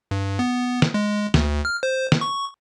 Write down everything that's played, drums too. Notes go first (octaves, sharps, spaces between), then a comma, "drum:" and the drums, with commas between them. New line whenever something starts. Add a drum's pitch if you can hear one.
G2
B3
drum: snare
G#3
D2, drum: snare
F6
C5
drum: snare
C#6